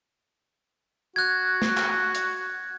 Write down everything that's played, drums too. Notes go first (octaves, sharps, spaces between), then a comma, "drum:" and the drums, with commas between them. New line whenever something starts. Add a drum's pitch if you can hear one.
F#4 F#6 G#6
drum: snare
drum: clap
drum: hi-hat